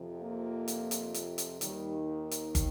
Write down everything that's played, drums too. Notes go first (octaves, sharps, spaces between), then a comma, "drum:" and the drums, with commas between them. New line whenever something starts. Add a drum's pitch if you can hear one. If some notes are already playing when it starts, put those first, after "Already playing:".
Already playing: F2 C3 F3
A#3
drum: hi-hat
drum: hi-hat
drum: hi-hat
drum: hi-hat
D#2 D#3 G3, drum: hi-hat
drum: hi-hat
drum: kick, hi-hat